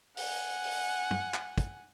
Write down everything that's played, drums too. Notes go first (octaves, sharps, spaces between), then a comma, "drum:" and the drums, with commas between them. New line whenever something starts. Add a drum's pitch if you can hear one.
F#5 G#5, drum: open hi-hat
drum: open hi-hat
drum: tom
drum: clap
drum: kick, hi-hat